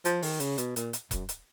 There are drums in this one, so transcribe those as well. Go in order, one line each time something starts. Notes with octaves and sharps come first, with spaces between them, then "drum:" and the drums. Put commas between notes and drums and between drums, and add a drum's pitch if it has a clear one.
F3, drum: hi-hat
D#3, drum: open hi-hat
C#3, drum: hi-hat
B2, drum: hi-hat
A#2, drum: hi-hat
drum: hi-hat
F#2, drum: kick E1, hi-hat
drum: hi-hat